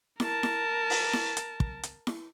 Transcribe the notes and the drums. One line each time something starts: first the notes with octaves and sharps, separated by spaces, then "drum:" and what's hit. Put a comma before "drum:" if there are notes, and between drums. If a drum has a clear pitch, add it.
A#4 A5, drum: snare E4
drum: snare E4
drum: open hi-hat
drum: snare E4
drum: hi-hat
drum: kick
drum: hi-hat
drum: snare E4